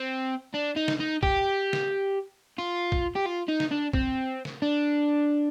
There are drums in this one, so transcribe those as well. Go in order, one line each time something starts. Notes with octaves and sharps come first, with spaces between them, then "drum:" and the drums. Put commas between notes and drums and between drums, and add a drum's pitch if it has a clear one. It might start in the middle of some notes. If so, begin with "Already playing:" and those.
Already playing: C4
D4
D#4
drum: snare
D#4
G4, drum: kick
drum: snare
F4
drum: kick
G4
F4
D#4
drum: snare
D4
C4, drum: kick
drum: snare
D4